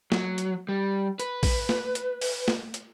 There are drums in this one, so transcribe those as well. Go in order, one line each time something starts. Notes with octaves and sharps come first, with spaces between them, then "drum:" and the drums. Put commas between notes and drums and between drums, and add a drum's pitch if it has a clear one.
F#3, drum: snare
drum: hi-hat
G3
B4, drum: hi-hat
drum: kick, open hi-hat
drum: snare
drum: hi-hat
drum: open hi-hat
drum: snare
drum: hi-hat